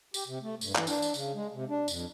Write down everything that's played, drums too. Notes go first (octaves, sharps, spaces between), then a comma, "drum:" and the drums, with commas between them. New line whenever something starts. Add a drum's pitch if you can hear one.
G4, drum: tambourine
C3
A3
G2, drum: tambourine
E3, drum: clap
D4, drum: tambourine
drum: tambourine
C#3, drum: tambourine
G#3
C3
D4
F2, drum: tambourine